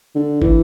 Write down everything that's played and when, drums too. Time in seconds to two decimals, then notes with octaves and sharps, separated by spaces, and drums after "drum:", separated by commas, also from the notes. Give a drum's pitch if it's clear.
0.15 D3
0.42 E3, drum: kick